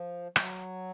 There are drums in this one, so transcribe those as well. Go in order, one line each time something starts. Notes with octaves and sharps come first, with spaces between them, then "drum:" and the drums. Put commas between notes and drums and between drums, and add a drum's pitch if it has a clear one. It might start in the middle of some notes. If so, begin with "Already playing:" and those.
Already playing: F3
F#3, drum: rim click